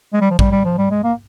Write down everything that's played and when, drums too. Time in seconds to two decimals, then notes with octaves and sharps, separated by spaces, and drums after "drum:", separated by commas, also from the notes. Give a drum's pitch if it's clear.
0.13 G#3
0.21 G3
0.31 F3
0.39 G3, drum: kick
0.52 G3
0.65 F3
0.78 G3
0.91 G#3
1.04 A#3